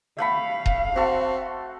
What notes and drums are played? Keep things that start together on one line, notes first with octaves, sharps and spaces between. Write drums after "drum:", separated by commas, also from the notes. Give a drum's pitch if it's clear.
A3 F5 F#5 B5
drum: kick D#1
C4 F#4 A4